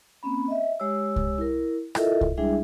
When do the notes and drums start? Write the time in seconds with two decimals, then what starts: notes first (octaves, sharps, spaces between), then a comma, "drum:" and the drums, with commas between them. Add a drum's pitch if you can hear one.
0.23 A#3 C4 C#4 B5
0.48 D#5 E5
0.80 G#3 G4 C#5 E6
1.16 drum: kick C2
1.38 E4 A#4
1.95 E4 F4 A4 A#4 D#5 E5, drum: rim click
2.21 drum: kick C2
2.38 G3 G#3 D4 E4 G#4 E5